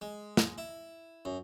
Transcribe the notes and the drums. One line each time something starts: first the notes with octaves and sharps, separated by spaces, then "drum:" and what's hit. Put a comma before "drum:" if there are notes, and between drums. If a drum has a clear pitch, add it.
G#3
drum: snare
E4
F#2